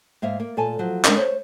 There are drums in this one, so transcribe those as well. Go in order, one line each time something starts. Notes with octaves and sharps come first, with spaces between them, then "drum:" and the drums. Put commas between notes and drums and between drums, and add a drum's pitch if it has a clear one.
G#2 A#3 E5 F5
A#3
A#2 A4 G#5 A5
F3 F#3
G#3 C#4 D4 A#4 D5 D#5, drum: clap
C5 C#5